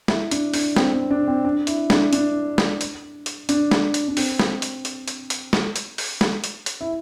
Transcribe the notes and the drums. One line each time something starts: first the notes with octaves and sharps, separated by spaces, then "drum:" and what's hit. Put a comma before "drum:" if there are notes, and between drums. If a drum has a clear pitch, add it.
E4, drum: snare
D4, drum: hi-hat
D4, drum: open hi-hat
C4, drum: snare
C4
D4
C4
D4
E4, drum: hi-hat
D4, drum: snare
D4, drum: hi-hat
drum: snare
drum: hi-hat
drum: hi-hat
D4, drum: hi-hat
drum: snare
drum: hi-hat
D4
C4, drum: open hi-hat
drum: snare
drum: hi-hat
drum: hi-hat
drum: hi-hat
drum: hi-hat
drum: snare
drum: hi-hat
drum: open hi-hat
drum: snare
drum: hi-hat
drum: hi-hat
E4